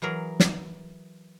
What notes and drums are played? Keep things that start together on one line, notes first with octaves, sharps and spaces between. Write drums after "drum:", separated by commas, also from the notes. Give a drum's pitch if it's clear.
E3 F#3 G#4 A#4
drum: snare